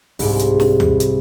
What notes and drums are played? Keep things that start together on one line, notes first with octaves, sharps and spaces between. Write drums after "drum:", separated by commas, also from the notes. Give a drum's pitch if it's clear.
C2 G#2, drum: open hi-hat
drum: hi-hat
drum: snare
drum: tom D#2
drum: hi-hat